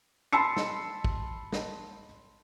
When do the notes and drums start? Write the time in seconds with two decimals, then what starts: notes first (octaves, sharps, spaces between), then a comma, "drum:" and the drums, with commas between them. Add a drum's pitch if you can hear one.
0.33 A5 B5 C6 E6 C7 C#7
0.57 drum: snare
1.04 drum: kick
1.52 drum: snare